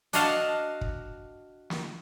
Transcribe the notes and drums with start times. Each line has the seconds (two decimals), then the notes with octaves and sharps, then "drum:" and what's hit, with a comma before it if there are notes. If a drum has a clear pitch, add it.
0.13 D4 F#4 D#5 F5 F#5 A5, drum: hi-hat
0.81 drum: kick
1.70 drum: snare